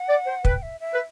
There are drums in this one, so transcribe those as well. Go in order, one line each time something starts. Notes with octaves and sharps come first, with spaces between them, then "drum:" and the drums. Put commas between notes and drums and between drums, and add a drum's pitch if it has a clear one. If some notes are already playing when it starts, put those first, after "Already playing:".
Already playing: F#5
D5
C5
B4 G5, drum: kick
E5
E5
B4